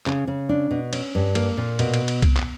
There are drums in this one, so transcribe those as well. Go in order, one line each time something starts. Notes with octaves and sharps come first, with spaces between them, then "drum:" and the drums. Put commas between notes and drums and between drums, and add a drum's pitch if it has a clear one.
C#3, drum: clap
C#3
D4
B2
C#4, drum: cymbal
G2
A#3, drum: cymbal
A#2
B2, drum: cymbal
drum: cymbal
drum: cymbal
drum: kick C2, cymbal
drum: clap